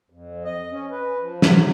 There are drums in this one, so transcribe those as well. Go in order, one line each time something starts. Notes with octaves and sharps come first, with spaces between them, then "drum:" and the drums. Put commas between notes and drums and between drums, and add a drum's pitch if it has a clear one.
F2
D#5
C#4
B4
F3
F#3, drum: snare